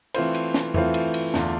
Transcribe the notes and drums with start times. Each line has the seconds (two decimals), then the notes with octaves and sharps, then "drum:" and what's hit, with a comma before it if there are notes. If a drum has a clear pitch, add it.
0.14 E3 A3 C4 F4 C5, drum: cymbal
0.35 drum: cymbal
0.54 drum: snare
0.74 E3 A3 C4 F4 C5, drum: tom E2
0.94 drum: cymbal
1.14 drum: cymbal
1.34 E2 D3 A3 D4 F4, drum: snare